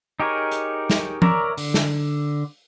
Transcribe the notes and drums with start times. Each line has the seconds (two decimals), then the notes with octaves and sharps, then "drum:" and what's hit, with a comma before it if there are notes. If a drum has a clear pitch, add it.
0.20 D#4 G4 G#4 A#4 C#5
0.51 drum: hi-hat
0.90 drum: snare
1.22 A#4 C#5 D5 E5 A#5, drum: tom F3
1.57 D3, drum: open hi-hat
1.74 drum: snare